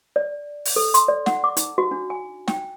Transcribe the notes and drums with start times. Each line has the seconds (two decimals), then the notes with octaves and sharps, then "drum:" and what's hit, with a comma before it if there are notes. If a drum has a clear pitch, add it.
0.16 D5
0.65 drum: open hi-hat
0.76 A4
0.94 C6, drum: hi-hat
1.08 D5
1.26 F#5, drum: snare
1.44 D6
1.57 D#4, drum: hi-hat
1.78 F#4
1.91 D4
2.10 G#5
2.48 G5, drum: snare